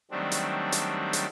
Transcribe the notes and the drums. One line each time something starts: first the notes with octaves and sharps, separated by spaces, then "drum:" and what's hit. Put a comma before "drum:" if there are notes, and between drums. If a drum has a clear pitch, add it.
D#3 F#3 G3 A3 C4 D4
drum: hi-hat
drum: hi-hat
drum: hi-hat